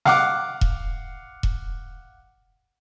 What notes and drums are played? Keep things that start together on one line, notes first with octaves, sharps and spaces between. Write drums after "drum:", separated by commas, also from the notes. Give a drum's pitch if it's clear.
F5 F#5 D6, drum: snare
drum: kick E1
drum: kick E1